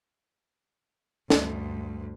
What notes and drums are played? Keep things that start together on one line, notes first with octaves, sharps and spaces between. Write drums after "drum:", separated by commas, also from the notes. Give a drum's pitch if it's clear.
D2 G2, drum: snare